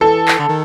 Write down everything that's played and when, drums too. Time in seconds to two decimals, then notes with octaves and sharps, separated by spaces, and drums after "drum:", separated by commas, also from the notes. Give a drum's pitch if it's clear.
0.01 E3 A4
0.28 drum: clap
0.39 D3
0.49 D#3